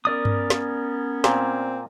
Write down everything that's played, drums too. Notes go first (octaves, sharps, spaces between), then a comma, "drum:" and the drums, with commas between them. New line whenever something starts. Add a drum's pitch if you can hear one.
B3 C#4 A#4 D5 D#6
drum: tom G2
drum: snare
A#2 C4, drum: snare